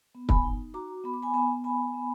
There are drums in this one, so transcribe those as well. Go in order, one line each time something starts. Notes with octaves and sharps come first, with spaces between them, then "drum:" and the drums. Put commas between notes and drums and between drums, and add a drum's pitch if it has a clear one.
B3
G#5 B5, drum: kick
D#4
F#4 A#5 D6
B3 B5
D6
G#5 B5
B3 G#5 B5
B3 G#5 B5
B3